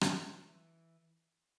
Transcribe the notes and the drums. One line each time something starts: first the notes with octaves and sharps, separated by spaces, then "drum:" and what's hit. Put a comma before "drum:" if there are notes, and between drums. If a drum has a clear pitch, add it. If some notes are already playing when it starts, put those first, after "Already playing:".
E3, drum: rim click